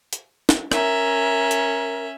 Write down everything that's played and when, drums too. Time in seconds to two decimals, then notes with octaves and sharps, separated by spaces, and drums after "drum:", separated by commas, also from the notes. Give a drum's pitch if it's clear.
0.13 drum: hi-hat
0.49 drum: snare
0.72 C#4 A#4 E5, drum: rim click
1.51 drum: hi-hat